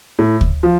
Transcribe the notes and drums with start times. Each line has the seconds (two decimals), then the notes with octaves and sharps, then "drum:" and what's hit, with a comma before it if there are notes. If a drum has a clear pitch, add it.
0.19 A2
0.41 drum: kick
0.63 F3